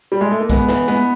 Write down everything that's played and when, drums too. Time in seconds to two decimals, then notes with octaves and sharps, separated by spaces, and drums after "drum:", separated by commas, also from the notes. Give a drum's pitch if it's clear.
0.12 G3
0.21 G#3
0.31 A3
0.40 A#3
0.50 G#3 B3, drum: kick B1, hi-hat
0.68 E3, drum: snare
0.88 G#3 B3, drum: hi-hat